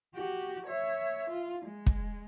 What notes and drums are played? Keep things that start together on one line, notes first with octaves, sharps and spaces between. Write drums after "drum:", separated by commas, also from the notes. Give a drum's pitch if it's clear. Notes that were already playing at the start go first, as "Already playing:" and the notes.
F#4 G4
C#5 E5
F4
G#3
drum: kick